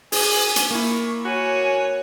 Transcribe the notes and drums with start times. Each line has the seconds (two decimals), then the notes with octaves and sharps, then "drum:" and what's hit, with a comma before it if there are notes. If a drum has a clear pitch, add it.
0.12 G#4 G#5, drum: open hi-hat
0.56 drum: hi-hat
0.71 A#3 E4 C#6
1.25 F#4 C#5 G#5